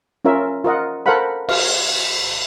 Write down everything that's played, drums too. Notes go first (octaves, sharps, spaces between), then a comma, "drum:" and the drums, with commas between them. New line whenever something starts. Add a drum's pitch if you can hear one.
C#4 F4 A#4 E5
F4 A#4 D#5 F#5
A4 A#4 C5 F5 F#5 B5
F5, drum: cymbal